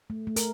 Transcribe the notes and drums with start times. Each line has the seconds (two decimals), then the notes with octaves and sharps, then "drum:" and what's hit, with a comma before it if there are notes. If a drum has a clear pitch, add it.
0.10 A3
0.27 A3
0.36 A#4, drum: hi-hat